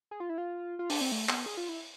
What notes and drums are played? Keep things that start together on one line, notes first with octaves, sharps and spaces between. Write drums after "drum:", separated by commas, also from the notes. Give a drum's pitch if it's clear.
G#4
F4
E4
F4
F4
D4, drum: open hi-hat
C4
A3
B3, drum: clap
G#4
F4
E4